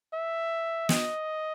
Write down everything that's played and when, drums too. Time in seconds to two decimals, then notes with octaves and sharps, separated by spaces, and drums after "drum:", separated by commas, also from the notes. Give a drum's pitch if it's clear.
0.14 E5
0.89 D#5, drum: snare